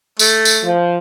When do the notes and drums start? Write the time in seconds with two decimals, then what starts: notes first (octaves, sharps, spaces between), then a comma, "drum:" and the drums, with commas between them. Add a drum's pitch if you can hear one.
0.19 A3, drum: tambourine
0.45 drum: tambourine
0.64 F3